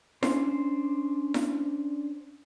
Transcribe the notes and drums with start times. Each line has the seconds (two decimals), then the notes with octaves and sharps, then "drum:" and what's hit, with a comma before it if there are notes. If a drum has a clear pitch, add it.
0.23 C#4 D4 C5, drum: snare E4
1.34 drum: snare E4